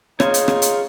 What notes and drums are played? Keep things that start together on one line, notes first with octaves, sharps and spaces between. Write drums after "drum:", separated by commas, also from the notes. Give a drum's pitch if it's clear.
D#4 F4 G#4 C#5, drum: rim click
drum: hi-hat
drum: rim click
drum: hi-hat